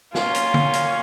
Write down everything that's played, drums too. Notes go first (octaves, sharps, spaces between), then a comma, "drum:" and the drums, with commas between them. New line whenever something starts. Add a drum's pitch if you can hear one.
A#2 F#3 A#3 C#4 F4, drum: snare
drum: hi-hat
drum: tom
drum: hi-hat